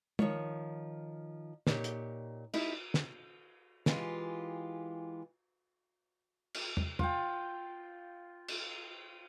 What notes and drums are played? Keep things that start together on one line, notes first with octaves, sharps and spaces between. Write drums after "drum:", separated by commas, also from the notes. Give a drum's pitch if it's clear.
D#3 F3 C#5, drum: tom
A#2 D#4 G4 C#5, drum: snare
drum: hi-hat
D#4 E4 G4, drum: cymbal
drum: snare
E3 G#3 F4 G4, drum: snare
drum: cymbal
drum: tom
F4 G5, drum: tom
drum: cymbal